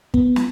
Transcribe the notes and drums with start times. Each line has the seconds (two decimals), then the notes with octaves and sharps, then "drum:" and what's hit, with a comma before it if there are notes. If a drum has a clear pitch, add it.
0.14 B3, drum: kick
0.36 drum: snare